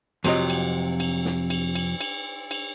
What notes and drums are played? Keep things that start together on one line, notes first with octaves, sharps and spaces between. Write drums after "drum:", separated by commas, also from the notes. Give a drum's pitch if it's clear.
F2 C3 F#3 D#5, drum: cymbal
drum: cymbal
drum: cymbal
drum: snare
drum: cymbal
drum: cymbal
drum: cymbal
drum: cymbal